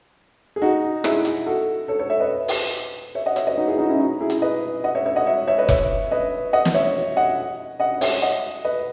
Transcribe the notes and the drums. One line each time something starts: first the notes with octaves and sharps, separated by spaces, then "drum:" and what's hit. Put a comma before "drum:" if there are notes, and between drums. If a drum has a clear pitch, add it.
G#4
D#4 F#4
E4 G#4, drum: rim click
drum: hi-hat
F#4 A4
A4 C#5
A4 C#5
C#5 E5
B4 D#5
drum: open hi-hat
C#5 E5
D#5 F#5
C#5 E5, drum: hi-hat
B4 D#5
D#4 F#4
E4 G#4
D#4 F#4
C#4 E4
D#4 F#4
E4 G#4
drum: hi-hat
B4 D#5
D#5 F#5
C#5 E5
C#5 E5
D#5 F#5
C#5 E5
C#5 E5
B4 D#5
C#5 E5, drum: kick F1
B4 D#5
D#5 F#5
drum: snare
C#5 E5
D#5 F#5
D#5 F#5
C#5 E5, drum: open hi-hat
D#5 F#5
B4 D#5